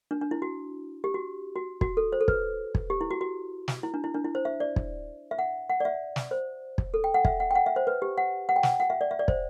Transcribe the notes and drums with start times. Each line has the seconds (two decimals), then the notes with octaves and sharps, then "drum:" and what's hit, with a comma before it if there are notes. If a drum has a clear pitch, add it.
0.11 D4
0.21 D4
0.31 E4
0.42 F#4
1.04 G4
1.14 F#4
1.55 F#4
1.81 F#4, drum: kick
1.97 A4
2.12 C5
2.21 A4
2.28 B4, drum: kick
2.75 drum: kick
2.90 G4
3.01 E4
3.11 F#4
3.21 F#4
3.68 drum: snare
3.83 E4
3.94 D4
4.04 E4
4.14 D4
4.25 E4
4.35 C5
4.45 E5
4.60 D5
4.76 drum: kick
5.31 E5
5.39 F#5
5.69 F#5
5.80 D5
5.85 E5
6.16 drum: snare
6.31 C5
6.78 drum: kick
6.94 A4
7.04 G5
7.14 F#5
7.25 E5, drum: kick
7.40 F#5
7.51 G5
7.55 F#5
7.66 E5
7.76 C5
7.87 B4
8.02 G4
8.18 F#5
8.49 F#5
8.56 G5
8.63 F#5, drum: snare
8.80 F#5
8.90 E5
9.01 D5
9.11 E5
9.19 D5
9.28 C5, drum: kick